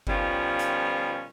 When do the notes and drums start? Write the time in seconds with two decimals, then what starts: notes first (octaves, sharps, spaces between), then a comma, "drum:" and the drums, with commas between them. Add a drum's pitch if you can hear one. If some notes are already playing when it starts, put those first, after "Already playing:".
0.07 B2 D#3 F3 G3 C#4 F4, drum: kick G1
0.59 drum: hi-hat